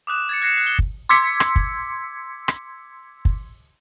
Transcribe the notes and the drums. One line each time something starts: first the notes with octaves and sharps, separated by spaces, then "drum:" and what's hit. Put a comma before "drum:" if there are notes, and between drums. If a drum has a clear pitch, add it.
D6 D#6 F#6 E7
G#6 A6 C#7
F#6 G#6 A#6 C7 C#7 E7
F#6 C7
F#6 G7
drum: kick
C6 D6 E6 G#6 B6 C#7
drum: rim click
drum: kick
drum: rim click
drum: kick